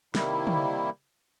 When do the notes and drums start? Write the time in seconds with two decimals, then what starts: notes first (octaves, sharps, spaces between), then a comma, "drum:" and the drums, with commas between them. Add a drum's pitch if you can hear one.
0.15 C3 D#3 G3 A#3 E4, drum: snare
0.47 drum: tom